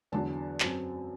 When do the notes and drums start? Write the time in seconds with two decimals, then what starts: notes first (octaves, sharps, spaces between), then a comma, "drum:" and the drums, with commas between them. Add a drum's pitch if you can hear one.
0.12 E2 D3 F#3 A5
0.60 F#2 F#3 C4, drum: clap